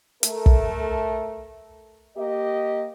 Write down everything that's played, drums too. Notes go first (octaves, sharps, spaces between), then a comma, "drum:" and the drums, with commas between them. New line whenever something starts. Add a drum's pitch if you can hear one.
A3 A#4, drum: hi-hat
drum: kick
A#3 G4 D#5